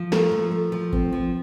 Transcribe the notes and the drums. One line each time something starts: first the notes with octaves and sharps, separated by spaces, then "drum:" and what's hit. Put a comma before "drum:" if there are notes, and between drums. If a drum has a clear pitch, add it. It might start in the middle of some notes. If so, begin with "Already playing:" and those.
Already playing: F3
A3 A#4, drum: snare
F3
A3
F3
C4, drum: kick G#1
F3